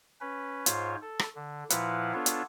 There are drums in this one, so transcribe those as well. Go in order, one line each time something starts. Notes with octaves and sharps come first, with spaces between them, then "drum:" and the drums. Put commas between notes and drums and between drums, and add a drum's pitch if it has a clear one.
C#4 B4
G#2 F4 C5 C#5, drum: hi-hat
A4
drum: rim click
D3
A#2 F3 E4 B4 F5 F#5, drum: hi-hat
B3 D4 F4 A4 C#5
drum: hi-hat